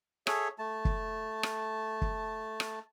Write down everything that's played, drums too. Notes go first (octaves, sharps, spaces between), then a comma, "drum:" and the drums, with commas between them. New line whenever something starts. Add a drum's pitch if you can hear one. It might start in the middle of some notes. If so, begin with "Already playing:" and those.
G#4 A4 C#5 E5, drum: rim click
A3 A5
drum: kick
drum: rim click
drum: kick
drum: rim click